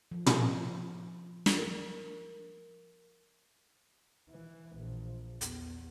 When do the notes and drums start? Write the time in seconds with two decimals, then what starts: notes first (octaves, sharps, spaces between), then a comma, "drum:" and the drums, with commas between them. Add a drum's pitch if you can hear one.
0.11 F3
0.26 drum: tom
1.46 drum: snare
1.58 A#4
4.30 E3
4.77 A#1
5.41 E2, drum: hi-hat